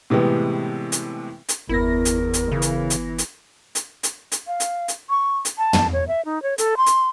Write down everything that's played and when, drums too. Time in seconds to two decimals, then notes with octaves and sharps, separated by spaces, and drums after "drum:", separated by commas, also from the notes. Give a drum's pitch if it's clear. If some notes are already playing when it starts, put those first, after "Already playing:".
0.10 A2 C3 E3 G#3 B3
0.92 drum: hi-hat
1.49 drum: hi-hat
1.69 G1 E2 B3 E4 A#4 A#6
2.05 drum: hi-hat
2.34 drum: hi-hat
2.52 C#3 E3
2.62 drum: hi-hat
2.90 drum: hi-hat
3.18 drum: hi-hat
3.75 drum: hi-hat
4.03 drum: hi-hat
4.32 drum: hi-hat
4.47 F5
4.60 drum: hi-hat
4.88 drum: hi-hat
5.10 C#6
5.45 drum: hi-hat
5.58 A5
5.73 drum: tom
5.93 C#5
6.08 E5
6.25 D#4
6.43 C#5
6.58 A4, drum: hi-hat
6.77 C6
6.86 drum: hi-hat